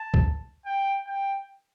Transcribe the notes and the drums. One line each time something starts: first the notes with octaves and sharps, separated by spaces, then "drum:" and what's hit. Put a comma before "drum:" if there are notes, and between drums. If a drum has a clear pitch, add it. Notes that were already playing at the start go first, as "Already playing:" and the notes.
Already playing: A5
drum: kick
G5
G5